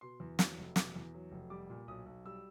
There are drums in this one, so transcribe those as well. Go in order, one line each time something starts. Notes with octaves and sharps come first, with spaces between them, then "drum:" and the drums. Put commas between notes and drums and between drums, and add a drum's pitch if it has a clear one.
B2 C6
E2
F#3, drum: snare
F1
B2 D6, drum: snare
E2
F#3
F1
G3 D6
A#2
B1 D#6
B1
G3 E6